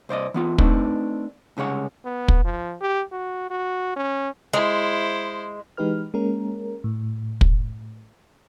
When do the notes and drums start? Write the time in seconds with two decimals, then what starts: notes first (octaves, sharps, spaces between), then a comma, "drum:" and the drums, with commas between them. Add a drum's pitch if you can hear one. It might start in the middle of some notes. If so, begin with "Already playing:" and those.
0.09 C2 C5 D5 D#5
0.34 E3 B3 F4
0.58 A3 C4 D4 D#4 B4, drum: kick
1.57 C2 C#3 G#3 C#5 F#5
2.05 B3
2.28 drum: kick
2.45 F3
2.81 G4
3.12 F#4
3.50 F#4
3.96 C#4
4.53 G#3 E4 C5
5.77 E3 G#3 D#4 G4 B4 F6
6.14 G#3 A#3 C#4 A#4
6.84 A2
7.41 drum: kick